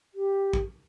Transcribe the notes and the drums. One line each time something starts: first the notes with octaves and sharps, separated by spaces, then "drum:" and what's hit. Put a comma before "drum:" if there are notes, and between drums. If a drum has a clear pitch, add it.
G4
drum: kick